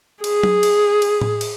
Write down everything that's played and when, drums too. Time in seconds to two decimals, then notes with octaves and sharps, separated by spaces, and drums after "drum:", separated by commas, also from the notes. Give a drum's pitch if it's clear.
0.24 G#4, drum: cymbal
0.43 drum: tom F#3
0.63 drum: cymbal
1.02 drum: cymbal
1.21 drum: tom A2
1.41 drum: cymbal